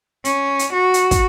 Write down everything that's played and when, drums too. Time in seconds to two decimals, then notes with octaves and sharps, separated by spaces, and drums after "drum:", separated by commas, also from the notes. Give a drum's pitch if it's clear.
0.25 C#4, drum: hi-hat
0.59 drum: hi-hat
0.73 F#4
0.94 drum: hi-hat
1.11 drum: kick, hi-hat